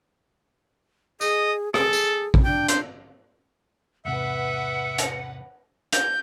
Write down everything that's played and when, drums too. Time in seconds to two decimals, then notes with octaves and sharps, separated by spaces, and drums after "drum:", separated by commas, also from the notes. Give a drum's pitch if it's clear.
1.21 G#4 D#5, drum: tambourine
1.74 G#4 A4, drum: rim click
1.93 drum: tambourine
2.34 drum: kick
2.45 D4 G5
2.68 C5, drum: hi-hat
4.05 E2 G#2 C3 B4 E5 F#5 C#7
4.98 drum: hi-hat
5.92 G6, drum: hi-hat